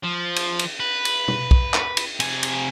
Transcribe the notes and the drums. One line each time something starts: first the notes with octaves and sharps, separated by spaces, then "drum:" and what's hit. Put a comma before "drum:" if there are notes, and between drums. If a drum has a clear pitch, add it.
F3
drum: cymbal
drum: cymbal
B4
drum: cymbal
drum: tom B2
drum: kick
drum: clap
drum: cymbal
C3 G#5, drum: cymbal
drum: cymbal